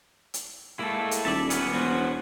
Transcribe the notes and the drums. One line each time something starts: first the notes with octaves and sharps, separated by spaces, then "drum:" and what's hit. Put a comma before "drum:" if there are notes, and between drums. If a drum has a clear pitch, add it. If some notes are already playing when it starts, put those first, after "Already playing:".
drum: hi-hat
G#3 A#3 E4 A4
drum: hi-hat
D#1 D5 E5 A5
B3 C#4 B4, drum: hi-hat
E1 F#4 C5